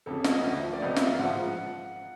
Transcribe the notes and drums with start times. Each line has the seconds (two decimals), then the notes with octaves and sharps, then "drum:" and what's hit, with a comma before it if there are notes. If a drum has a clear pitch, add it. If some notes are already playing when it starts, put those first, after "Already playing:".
0.06 F2 C#3 F3 A4
0.24 D#5, drum: snare
0.43 D2 D3 F3 E5
0.73 D5
0.82 C#2 C3 F3 D#5
0.96 E5, drum: snare
1.07 F5
1.19 G#2 F3 F#5